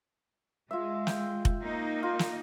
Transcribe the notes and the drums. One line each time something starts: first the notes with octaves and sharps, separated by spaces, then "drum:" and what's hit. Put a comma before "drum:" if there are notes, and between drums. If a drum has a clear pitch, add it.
G#3 F4 E5
G5, drum: snare
drum: kick F1
A#3 D#4
F4
drum: snare